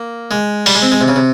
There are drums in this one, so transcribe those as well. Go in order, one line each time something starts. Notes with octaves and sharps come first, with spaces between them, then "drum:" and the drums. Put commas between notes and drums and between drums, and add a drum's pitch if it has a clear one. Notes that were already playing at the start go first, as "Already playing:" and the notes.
Already playing: A#3
G#3
G3, drum: open hi-hat
G#3
C4
G#3
C3
C#3
C3